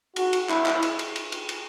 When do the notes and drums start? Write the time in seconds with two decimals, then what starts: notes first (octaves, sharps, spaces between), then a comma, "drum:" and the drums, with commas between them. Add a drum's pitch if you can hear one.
0.16 F#4, drum: cymbal
0.33 drum: cymbal
0.49 E4, drum: clap
0.66 drum: clap
0.82 drum: cymbal
0.99 drum: cymbal
1.16 drum: cymbal
1.32 drum: cymbal
1.49 drum: cymbal